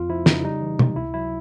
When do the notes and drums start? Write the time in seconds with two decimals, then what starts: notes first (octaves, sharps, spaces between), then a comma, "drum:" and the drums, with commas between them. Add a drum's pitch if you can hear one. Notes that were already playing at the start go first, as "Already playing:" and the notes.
Already playing: F2 F4
0.09 F3 E4
0.26 C#3 D#4, drum: snare
0.44 G3 D#4
0.61 E3
0.79 C3, drum: tom
0.96 C#2 E4
1.14 F#3 E4